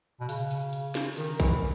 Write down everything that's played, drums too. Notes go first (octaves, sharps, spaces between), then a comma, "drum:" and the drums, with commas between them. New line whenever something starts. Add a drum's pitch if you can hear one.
B2
C#3, drum: open hi-hat
drum: open hi-hat
drum: hi-hat
drum: snare
D#3, drum: hi-hat
E3, drum: kick A#1, hi-hat